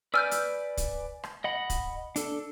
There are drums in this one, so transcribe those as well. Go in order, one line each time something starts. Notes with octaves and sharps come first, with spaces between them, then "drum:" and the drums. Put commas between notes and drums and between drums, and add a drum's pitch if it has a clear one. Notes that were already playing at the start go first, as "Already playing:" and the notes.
B4 D5 G#5 E6 F6 G6
drum: hi-hat
drum: kick, hi-hat
drum: rim click
D#5 F#5 B5
drum: kick, hi-hat
D4 A4, drum: hi-hat